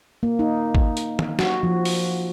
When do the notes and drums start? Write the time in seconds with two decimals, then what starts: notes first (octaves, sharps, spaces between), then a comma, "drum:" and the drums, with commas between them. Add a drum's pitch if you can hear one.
0.23 A#3
0.39 D#4
0.75 drum: kick G#1
0.97 drum: hi-hat
1.19 drum: tom D#3
1.39 F#4, drum: snare
1.63 F3
1.85 drum: open hi-hat